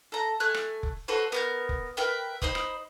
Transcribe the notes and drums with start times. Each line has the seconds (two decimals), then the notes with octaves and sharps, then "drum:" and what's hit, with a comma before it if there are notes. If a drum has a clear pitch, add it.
0.12 A4 A#5
0.40 A3 G#5 F#6
0.54 drum: rim click
0.83 drum: kick F1
1.08 F#4 A4 B4 C5
1.32 B3 A#4 G6
1.69 drum: kick F1
1.97 A#4 B4 E5 G5
2.42 D#4 C5 B5 D#6, drum: kick F1
2.55 drum: rim click